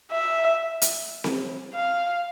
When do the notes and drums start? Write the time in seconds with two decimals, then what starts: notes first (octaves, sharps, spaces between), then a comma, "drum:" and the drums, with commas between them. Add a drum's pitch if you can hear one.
0.12 E5
0.82 drum: hi-hat
1.24 drum: snare C4
1.75 F5